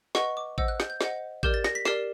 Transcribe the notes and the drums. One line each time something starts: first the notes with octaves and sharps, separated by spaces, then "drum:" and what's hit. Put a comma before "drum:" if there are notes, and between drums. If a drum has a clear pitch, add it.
B4 D#5 F#5 C#6, drum: snare
D6
C5 D#5 F#5 E6, drum: kick
F#6
G6, drum: snare
G6
C5 D#5 F#5, drum: snare
G4 A#4 D5 G6, drum: kick
A6
A#6, drum: snare
B6
G4 A#4 D5 C7, drum: snare